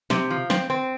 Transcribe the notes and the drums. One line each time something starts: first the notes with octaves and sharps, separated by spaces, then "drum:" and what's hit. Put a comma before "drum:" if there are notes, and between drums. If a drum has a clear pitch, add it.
C3, drum: snare
F3
C4, drum: snare
C4